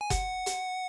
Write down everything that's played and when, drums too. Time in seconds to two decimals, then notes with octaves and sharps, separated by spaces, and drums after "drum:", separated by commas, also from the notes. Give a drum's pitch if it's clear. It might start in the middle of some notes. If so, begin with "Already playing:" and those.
0.01 G#5
0.10 F#5, drum: kick F#1, hi-hat
0.46 drum: hi-hat